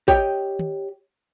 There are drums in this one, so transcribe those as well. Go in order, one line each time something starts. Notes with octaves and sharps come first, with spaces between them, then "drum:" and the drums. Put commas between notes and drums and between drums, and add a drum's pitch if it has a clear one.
G4 C#5 D#5 G5, drum: kick
drum: tom